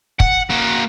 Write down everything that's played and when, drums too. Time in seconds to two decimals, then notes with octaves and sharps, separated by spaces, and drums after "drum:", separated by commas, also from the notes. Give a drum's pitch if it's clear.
0.20 F#5, drum: kick
0.50 A#3 F#4